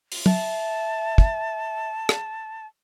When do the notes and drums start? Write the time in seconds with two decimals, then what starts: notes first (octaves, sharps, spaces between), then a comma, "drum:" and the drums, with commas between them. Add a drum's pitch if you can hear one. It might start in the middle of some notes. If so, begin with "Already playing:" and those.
0.12 drum: open hi-hat
0.26 E5 A5, drum: tom
1.18 drum: kick
2.09 drum: rim click